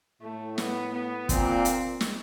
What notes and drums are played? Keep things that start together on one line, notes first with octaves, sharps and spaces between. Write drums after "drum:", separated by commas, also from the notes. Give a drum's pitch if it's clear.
A2 A3
B3, drum: snare
B3
A#2 C4, drum: kick, hi-hat
drum: hi-hat
drum: snare